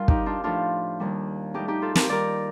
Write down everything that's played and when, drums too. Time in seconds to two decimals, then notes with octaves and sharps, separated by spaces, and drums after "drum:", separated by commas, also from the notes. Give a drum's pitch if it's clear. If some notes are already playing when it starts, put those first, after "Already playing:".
Already playing: G2 G3 F4 A#4
0.08 D#4 G4, drum: kick
0.26 D4 F4
0.44 A2 F3 D4 F4
1.00 D#2 D#3 G3
1.54 A2 G3 D#4 G4
1.68 D#4 G4
1.82 F4 A4
1.95 G4 A#4, drum: snare
2.08 D#2 D#3 G3 A#4 D5